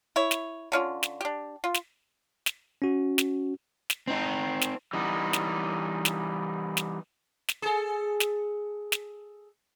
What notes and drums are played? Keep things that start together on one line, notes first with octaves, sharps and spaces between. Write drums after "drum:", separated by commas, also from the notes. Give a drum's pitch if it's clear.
E4 C#5
drum: snare
D3 C#4 F4
drum: snare
D4 G4
F4
drum: snare
drum: snare
C#4 F#4
drum: snare
drum: snare
C4 D#4
drum: snare
E3 G3 B3 D#4
drum: snare
drum: snare
drum: snare
drum: snare
G#4 A4
drum: snare
drum: snare